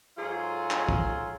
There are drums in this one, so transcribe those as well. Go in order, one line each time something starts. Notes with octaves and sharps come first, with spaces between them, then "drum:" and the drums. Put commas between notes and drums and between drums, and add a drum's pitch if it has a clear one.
G#2 F#3 F4 G#4 A4 C6
drum: clap
drum: kick